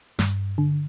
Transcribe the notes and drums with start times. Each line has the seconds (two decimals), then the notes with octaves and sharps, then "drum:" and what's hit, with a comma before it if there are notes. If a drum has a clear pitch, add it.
0.19 G2, drum: snare
0.58 D3